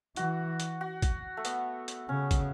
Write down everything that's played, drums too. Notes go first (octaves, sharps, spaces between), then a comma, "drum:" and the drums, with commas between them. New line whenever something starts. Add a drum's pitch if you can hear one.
E3 F#4, drum: hi-hat
drum: hi-hat
F#4
drum: kick, hi-hat
A3
B3, drum: hi-hat
drum: hi-hat
C#3 C#4
drum: kick, hi-hat